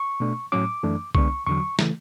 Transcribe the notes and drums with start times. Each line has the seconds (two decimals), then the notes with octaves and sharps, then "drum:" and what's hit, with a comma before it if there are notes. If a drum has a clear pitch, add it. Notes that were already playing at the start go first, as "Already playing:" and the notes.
Already playing: C#6
0.20 B2 A3 D4
0.52 A2 F#3 C#4 D6
0.83 F#2 E3 A3 D4
1.15 D3 G#3 B3 D4 C#6, drum: kick C2
1.47 E2 D3 F#3 C#6
1.79 C#3 E3 A3, drum: snare